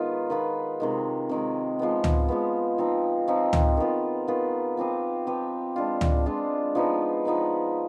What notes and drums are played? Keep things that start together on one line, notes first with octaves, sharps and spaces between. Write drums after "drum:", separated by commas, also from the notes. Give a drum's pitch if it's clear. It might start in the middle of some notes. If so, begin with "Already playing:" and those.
Already playing: D#3 G#3 B3 D#4 F4 B4
D#3 B3 F4 B4
C3 D#3 G#3
C3 D#3 G#3
F3 G#3 B3
drum: tom C#2
F3 G#3 B3
F3 C4 D#4
F3 C4 D#4
drum: tom C#2
D#3 B3 F4
D#3 B3 F4
F3 C4 G4 B4
F3 C4 G4 B4
G#3 D4 F4
drum: tom C#2
G#3 D4 F4
F3 B3 D#4 B4
F3 B3 D#4 B4